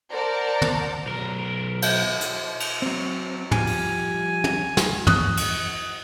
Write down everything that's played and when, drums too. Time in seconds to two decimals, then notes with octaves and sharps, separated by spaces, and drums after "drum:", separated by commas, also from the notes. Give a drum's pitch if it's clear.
0.11 A#4 C5 D5 F#5 A5 A#5
0.62 drum: tom
1.06 B1 A#4
1.82 drum: cymbal
2.21 drum: hi-hat
2.60 drum: cymbal
2.82 F#3 C4
3.51 F3 G3 G#5, drum: tom
3.67 drum: open hi-hat
4.44 drum: tom
4.77 drum: snare
5.07 D#6 F#6, drum: tom
5.37 drum: cymbal